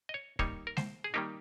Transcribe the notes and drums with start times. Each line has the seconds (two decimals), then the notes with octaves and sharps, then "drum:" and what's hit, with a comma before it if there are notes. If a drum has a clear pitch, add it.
0.09 D#5
0.14 C#5
0.39 D#3 G3 A#3 D#4 C#5, drum: kick
0.67 A#4
0.77 C5, drum: snare G#3
1.04 G#4
1.14 D#3 G3 A#3 D#4 G4